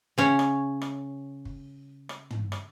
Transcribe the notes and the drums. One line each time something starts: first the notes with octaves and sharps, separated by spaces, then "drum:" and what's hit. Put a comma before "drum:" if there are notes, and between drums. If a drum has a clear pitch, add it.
C#3 C#4 C#5
drum: rim click
drum: rim click
drum: kick
drum: rim click
drum: tom
drum: rim click